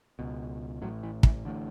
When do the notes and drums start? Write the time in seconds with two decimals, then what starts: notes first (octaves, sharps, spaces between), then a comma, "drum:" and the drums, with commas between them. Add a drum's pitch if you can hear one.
0.19 C#2 B2
0.82 A1 A2 F#3
1.03 E3
1.23 E3, drum: kick
1.45 A1 A2 D3